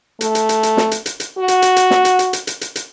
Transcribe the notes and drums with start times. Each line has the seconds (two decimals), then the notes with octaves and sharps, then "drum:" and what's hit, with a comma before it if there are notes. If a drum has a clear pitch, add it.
0.21 A3, drum: hi-hat
0.35 drum: hi-hat
0.49 drum: hi-hat
0.63 drum: hi-hat
0.77 drum: snare
0.91 drum: hi-hat
1.06 drum: hi-hat
1.20 drum: hi-hat
1.38 F#4
1.48 drum: hi-hat
1.62 drum: hi-hat
1.76 drum: hi-hat
1.91 drum: snare
2.05 drum: hi-hat
2.19 drum: hi-hat
2.33 drum: hi-hat
2.47 drum: hi-hat
2.61 drum: hi-hat
2.76 drum: hi-hat